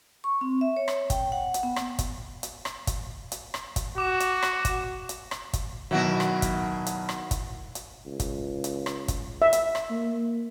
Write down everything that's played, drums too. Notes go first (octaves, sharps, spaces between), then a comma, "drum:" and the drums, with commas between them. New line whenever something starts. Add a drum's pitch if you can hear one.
C#6
C4
E5
C#5
drum: rim click
G5, drum: kick, hi-hat
F#5
drum: hi-hat
B3
drum: rim click
drum: kick, hi-hat
drum: hi-hat
drum: rim click
drum: kick, hi-hat
drum: hi-hat
drum: rim click
drum: kick, hi-hat
F#4 D6 E7
drum: hi-hat
drum: rim click
drum: kick, hi-hat
drum: hi-hat
drum: rim click
drum: kick, hi-hat
B2 D#3 F#3 E4 F#4
drum: rim click
drum: kick, hi-hat
drum: hi-hat
drum: rim click
drum: kick, hi-hat
drum: hi-hat
C#2
drum: kick, hi-hat
drum: hi-hat
drum: rim click
drum: kick, hi-hat
E5
drum: hi-hat
drum: rim click
A#3